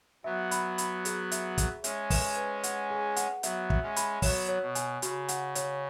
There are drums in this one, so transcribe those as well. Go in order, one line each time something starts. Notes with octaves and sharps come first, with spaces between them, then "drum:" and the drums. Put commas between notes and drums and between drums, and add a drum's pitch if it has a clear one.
F#3 B3 E5
B5, drum: hi-hat
B5, drum: hi-hat
G#4, drum: hi-hat
E5, drum: hi-hat
G#4, drum: kick, hi-hat
G#3 C#4 E5, drum: hi-hat
B4, drum: kick, open hi-hat
B4
F#5, drum: hi-hat
G#4
F#5, drum: hi-hat
F#3 B3 E5, drum: hi-hat
E5, drum: kick
G#3 C#4
B5, drum: hi-hat
F#3 B3 C#5, drum: kick, open hi-hat
C#5
B2
G#5, drum: hi-hat
C#3 F#4, drum: hi-hat
F#5, drum: hi-hat
C#5, drum: hi-hat